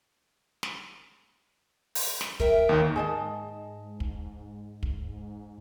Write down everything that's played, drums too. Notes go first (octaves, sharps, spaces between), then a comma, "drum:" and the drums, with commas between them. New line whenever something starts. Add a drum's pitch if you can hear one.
drum: snare
drum: open hi-hat
drum: snare
A#4 E5 G5, drum: kick
D#2 D#3
G#2 G#4 D#5 A5
drum: kick
drum: kick